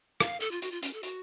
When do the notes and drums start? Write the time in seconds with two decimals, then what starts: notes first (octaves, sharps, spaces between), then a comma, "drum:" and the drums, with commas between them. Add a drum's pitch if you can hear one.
0.20 F5, drum: rim click
0.40 A4, drum: hi-hat
0.51 F4
0.62 F#4, drum: hi-hat
0.71 F4
0.83 C#4, drum: hi-hat
0.93 A4
1.03 F#4, drum: hi-hat